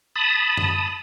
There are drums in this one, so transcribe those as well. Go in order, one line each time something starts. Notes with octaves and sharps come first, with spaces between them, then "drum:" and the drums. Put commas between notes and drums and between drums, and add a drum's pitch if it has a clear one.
A5 B5 D#6
drum: tom F#2